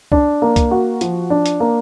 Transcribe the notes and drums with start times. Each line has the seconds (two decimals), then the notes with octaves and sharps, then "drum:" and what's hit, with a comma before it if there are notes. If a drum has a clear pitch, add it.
0.12 D4, drum: kick C2
0.42 A#3
0.56 drum: kick C2, hi-hat
0.71 F#4
1.01 F3, drum: hi-hat
1.30 D4
1.46 drum: hi-hat
1.60 A#3